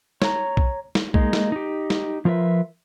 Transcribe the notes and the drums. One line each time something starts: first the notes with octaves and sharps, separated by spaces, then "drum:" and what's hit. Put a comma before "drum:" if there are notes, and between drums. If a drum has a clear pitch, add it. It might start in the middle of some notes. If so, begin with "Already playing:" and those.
C#5 A#5, drum: snare
drum: kick B1
drum: snare
G#3 A#3 D#4, drum: kick B1
drum: snare
D#4 G4
drum: snare
F3 F4 A#4 B4 E5